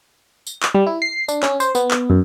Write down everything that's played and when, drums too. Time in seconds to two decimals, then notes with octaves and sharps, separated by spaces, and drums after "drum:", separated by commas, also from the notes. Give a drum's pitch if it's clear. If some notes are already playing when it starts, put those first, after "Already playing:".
0.47 drum: tambourine
0.63 drum: clap
0.75 G3
0.87 E4
1.02 C7
1.28 D4, drum: tambourine
1.43 C#4, drum: clap
1.60 C5, drum: tambourine
1.75 B3, drum: tambourine
1.91 drum: clap
2.10 F#2